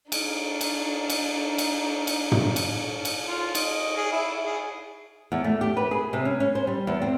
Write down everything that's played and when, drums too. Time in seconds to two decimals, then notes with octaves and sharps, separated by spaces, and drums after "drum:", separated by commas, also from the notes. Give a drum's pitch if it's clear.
0.12 D4 D#4, drum: cymbal
0.61 drum: cymbal
1.10 drum: cymbal
1.58 drum: cymbal
2.07 drum: cymbal
2.32 drum: tom
2.56 drum: cymbal
3.05 drum: cymbal
3.27 F4
3.55 D#5, drum: cymbal
3.96 G#4
4.12 E4
4.44 G#4
5.32 E2
5.44 A3
5.61 G4
5.77 B4
5.91 G#4
6.13 C3
6.25 C#4
6.40 C#4
6.55 C5
6.67 G3
6.87 E2
7.02 C4